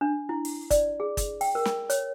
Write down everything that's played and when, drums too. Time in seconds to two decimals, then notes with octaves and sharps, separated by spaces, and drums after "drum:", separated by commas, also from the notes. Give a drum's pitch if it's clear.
0.01 D4
0.29 E4
0.45 drum: open hi-hat
0.71 D5, drum: kick, hi-hat
1.00 G#4
1.17 drum: kick, hi-hat
1.41 G5, drum: open hi-hat
1.55 A#4
1.65 drum: snare
1.90 C#5, drum: hi-hat